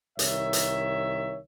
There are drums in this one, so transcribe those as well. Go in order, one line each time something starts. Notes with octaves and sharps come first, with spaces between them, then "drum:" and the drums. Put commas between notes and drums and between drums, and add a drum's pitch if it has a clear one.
C2 D#3 C#5 E5, drum: hi-hat
drum: hi-hat